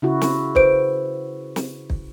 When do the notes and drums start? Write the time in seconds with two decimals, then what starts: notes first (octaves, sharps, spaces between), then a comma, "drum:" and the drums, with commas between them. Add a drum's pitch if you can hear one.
0.02 C#3 E4 F#4
0.21 drum: snare
0.55 B4 C5 D7, drum: kick
1.56 drum: snare
1.90 drum: kick